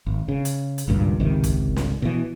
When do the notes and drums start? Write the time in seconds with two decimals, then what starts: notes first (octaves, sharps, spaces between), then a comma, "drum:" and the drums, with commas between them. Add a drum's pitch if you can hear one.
0.06 G#1
0.28 C#3
0.45 drum: hi-hat
0.78 drum: hi-hat
0.88 G#1 C#2 G2 A#2
1.20 G#1 C#2 C3 D#3
1.44 drum: kick, hi-hat
1.76 drum: snare
2.02 B2 E3